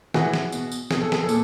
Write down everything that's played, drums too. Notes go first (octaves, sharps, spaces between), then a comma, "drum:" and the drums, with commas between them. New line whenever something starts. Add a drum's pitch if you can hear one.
A2 E3 F#4 G#4, drum: snare
drum: snare
B2, drum: tambourine
drum: tambourine
B2 G#4, drum: snare
A4
G#4, drum: snare
A4
A#2, drum: tambourine